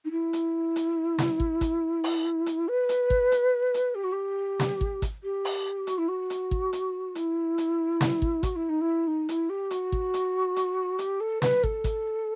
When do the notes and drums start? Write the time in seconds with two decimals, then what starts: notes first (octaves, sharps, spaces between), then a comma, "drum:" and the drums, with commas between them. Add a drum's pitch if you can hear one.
0.05 D#4
0.11 E4
0.33 drum: hi-hat
0.76 drum: hi-hat
1.18 drum: snare
1.40 drum: kick
1.61 drum: kick, hi-hat
2.04 drum: open hi-hat
2.46 drum: hi-hat
2.68 B4
2.89 drum: hi-hat
3.10 drum: kick
3.32 drum: hi-hat
3.74 drum: hi-hat
3.95 G4
4.04 F#4
4.12 G4
4.59 drum: snare
4.81 drum: kick
5.02 drum: kick, hi-hat
5.24 G4
5.45 drum: open hi-hat
5.87 F#4, drum: hi-hat
5.98 E4
6.08 F#4
6.30 drum: hi-hat
6.51 drum: kick
6.73 drum: hi-hat
7.15 E4, drum: hi-hat
7.58 drum: hi-hat
8.01 drum: snare
8.22 drum: kick
8.43 F#4, drum: kick, hi-hat
8.56 E4
8.69 D#4
8.81 E4
9.07 D#4
9.29 E4, drum: hi-hat
9.50 G4
9.71 F#4, drum: hi-hat
9.92 drum: kick
10.14 drum: hi-hat
10.56 drum: hi-hat
10.99 G4, drum: hi-hat
11.20 A4
11.42 B4, drum: snare
11.64 A4, drum: kick
11.84 drum: kick, hi-hat